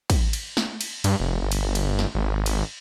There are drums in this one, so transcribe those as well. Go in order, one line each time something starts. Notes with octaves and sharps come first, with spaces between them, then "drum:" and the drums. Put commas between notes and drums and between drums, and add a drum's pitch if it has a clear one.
drum: kick, cymbal
drum: cymbal
drum: snare
drum: cymbal
G2, drum: cymbal
F1
G1
drum: cymbal
drum: cymbal
drum: snare
G#1
drum: cymbal